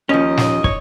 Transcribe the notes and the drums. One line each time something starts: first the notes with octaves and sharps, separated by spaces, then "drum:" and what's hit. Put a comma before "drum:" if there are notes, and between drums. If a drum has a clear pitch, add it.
D#2 F3 C#4 D#5
drum: snare
C#5, drum: kick